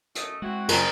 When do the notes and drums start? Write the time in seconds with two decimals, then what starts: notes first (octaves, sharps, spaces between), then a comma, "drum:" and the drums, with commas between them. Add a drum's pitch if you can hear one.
0.15 F#2 A3 D#5, drum: hi-hat
0.42 G#3 C4 E4 F#4
0.69 F#2 C#3 F4 G#4 A#4, drum: cymbal